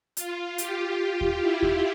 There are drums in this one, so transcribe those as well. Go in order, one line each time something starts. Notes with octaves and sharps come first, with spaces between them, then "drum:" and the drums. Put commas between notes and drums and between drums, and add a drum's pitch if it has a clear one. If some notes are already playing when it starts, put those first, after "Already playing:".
F4, drum: hi-hat
G4, drum: hi-hat
F4
drum: kick D#2
E4
drum: kick D#2